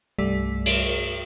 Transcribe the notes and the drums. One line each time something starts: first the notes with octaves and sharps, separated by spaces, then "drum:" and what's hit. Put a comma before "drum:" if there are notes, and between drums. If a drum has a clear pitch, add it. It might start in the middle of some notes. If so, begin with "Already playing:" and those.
C2 G2 G3 A3 D5 B6
drum: cymbal